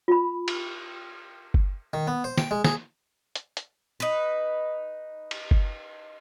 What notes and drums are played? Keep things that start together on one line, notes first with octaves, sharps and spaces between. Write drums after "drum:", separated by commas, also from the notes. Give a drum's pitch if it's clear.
F4 B5
drum: cymbal
drum: kick F#1
D#3
B3
C5
G5, drum: snare
G#3
G#4, drum: snare
drum: hi-hat
drum: hi-hat
D#4 B4
drum: cymbal
drum: kick F#1